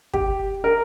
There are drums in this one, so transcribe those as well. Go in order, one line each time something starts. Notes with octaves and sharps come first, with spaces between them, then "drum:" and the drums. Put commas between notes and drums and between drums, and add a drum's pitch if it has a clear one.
G4, drum: kick
A#4